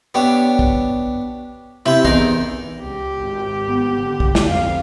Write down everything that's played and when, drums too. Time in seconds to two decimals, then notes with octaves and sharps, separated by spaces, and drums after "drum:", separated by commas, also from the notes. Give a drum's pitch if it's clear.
0.14 B3 D4 G4 C#5 E5
0.59 drum: kick
1.86 C3 C4 E4 G5
2.05 E2 D#4 G#4 A#4, drum: kick
2.83 C#2 G4
3.18 G#1
3.67 G1 G3 B3
4.00 D3
4.20 drum: kick
4.35 drum: snare
4.47 F2 F5